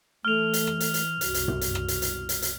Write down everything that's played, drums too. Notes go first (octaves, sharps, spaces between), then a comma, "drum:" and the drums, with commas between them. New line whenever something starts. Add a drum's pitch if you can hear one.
E3 A3 F6 F7
drum: hi-hat
drum: rim click
drum: hi-hat
drum: hi-hat
C2 F#2 B2 F#4, drum: hi-hat
drum: hi-hat
drum: tom
drum: hi-hat
drum: rim click
drum: hi-hat
drum: hi-hat
drum: hi-hat
drum: hi-hat